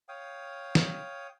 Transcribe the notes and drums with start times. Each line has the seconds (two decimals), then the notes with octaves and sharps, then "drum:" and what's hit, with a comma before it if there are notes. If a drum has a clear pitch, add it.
0.09 C#5 F5 G5 D#6
0.75 drum: snare